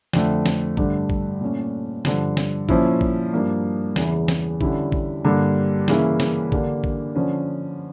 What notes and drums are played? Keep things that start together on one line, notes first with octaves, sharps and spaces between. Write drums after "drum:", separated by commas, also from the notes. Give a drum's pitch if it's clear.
F2 D3 A3, drum: snare
drum: snare
G2 D3 A3 D4, drum: kick
drum: kick
A#2 A3 C#4
G2 D3 F3, drum: snare
drum: snare
A#2 F3 C#4 E4, drum: kick
drum: kick
G2 F3 A#3 D4
E2 C#3 E3, drum: snare
drum: snare
D3 G3 C#4 E4, drum: kick
drum: kick
G2 D3 G3 A#3
C#3 E3 A#3 C#4 E4, drum: snare
drum: snare
D3 G3 A#3 D4, drum: kick
drum: kick
D3 F3 C#4